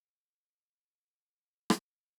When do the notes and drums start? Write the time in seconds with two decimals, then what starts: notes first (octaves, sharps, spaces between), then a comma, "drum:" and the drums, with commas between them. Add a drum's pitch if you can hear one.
0.06 A#2 A3 D4 F5
0.32 G5
0.57 A5
0.74 G5
0.92 G5
1.08 F5
1.70 drum: rim click